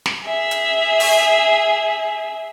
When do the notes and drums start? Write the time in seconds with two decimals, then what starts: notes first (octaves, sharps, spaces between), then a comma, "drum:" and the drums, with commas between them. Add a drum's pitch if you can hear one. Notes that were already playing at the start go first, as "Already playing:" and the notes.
0.06 drum: snare
0.24 G#4 E5
0.51 drum: hi-hat
1.00 drum: open hi-hat